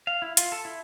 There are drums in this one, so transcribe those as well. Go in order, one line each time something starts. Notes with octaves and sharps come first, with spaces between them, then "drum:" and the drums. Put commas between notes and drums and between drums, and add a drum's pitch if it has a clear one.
F5
E4
F4, drum: hi-hat
A4
E4